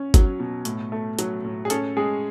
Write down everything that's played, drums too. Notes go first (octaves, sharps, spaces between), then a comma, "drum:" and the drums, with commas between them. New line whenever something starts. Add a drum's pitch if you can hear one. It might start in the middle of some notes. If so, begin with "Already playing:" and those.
Already playing: C#4
F#3, drum: kick, hi-hat
B2
A2, drum: hi-hat
A3
F#3, drum: hi-hat
A2
G#4
C#4 A4, drum: hi-hat
G#3 G#4